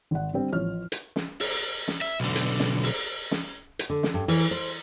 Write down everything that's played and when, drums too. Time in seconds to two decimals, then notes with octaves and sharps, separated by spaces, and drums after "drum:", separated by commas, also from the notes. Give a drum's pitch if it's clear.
0.11 G#1 F#5
0.33 D3 G3 C4
0.52 A1 F3 C#5 F6
0.92 drum: hi-hat
1.16 drum: snare
1.40 drum: open hi-hat
1.88 drum: snare
2.01 E5
2.20 B1 D3
2.36 drum: hi-hat
2.60 drum: snare
2.83 drum: open hi-hat
3.31 drum: snare
3.79 drum: hi-hat
3.90 D3
4.03 drum: snare
4.14 G2
4.28 E3, drum: open hi-hat
4.51 C5